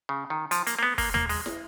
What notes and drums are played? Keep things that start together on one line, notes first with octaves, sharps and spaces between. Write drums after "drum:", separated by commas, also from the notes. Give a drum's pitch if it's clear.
C#3
D#3
F3, drum: hi-hat
A#3, drum: hi-hat
A#3
B3
A#3, drum: kick, open hi-hat
A#3, drum: tom D#2
G#3, drum: open hi-hat
drum: snare